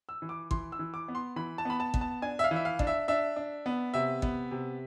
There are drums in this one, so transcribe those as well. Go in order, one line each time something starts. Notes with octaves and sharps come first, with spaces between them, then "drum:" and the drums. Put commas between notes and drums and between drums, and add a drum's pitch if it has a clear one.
E6
E3
D6
E3 C6, drum: kick
E6
E3
D6
B3
C6
E3 B5
A5
B3 B5
A5
B3, drum: kick
A5
D4 G#5
E5
F5
E3
E5
F5
D4, drum: kick
E5
D4 E5
D4
B3
C3 E5
B3, drum: kick
C3